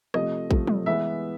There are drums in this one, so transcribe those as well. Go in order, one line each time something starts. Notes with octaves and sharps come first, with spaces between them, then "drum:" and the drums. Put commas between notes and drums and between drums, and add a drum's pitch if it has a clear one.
C3 F3 A3 D#5, drum: rim click
C3 F3 A3, drum: kick
drum: tom
E3 G#3 B3 E5